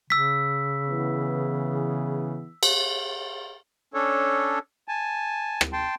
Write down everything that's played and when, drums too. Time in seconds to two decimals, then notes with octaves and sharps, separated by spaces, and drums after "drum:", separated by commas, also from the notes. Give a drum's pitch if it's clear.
0.10 C#3 E6 B6
0.88 E3 B3 G#4
2.63 drum: cymbal
3.94 C#4 D4 A4 C#5
4.88 G#5 A5
5.61 drum: rim click
5.73 G5 A5 C6